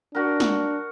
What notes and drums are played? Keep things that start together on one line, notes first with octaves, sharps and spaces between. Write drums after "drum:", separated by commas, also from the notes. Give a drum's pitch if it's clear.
D4 F#4 A#4
drum: snare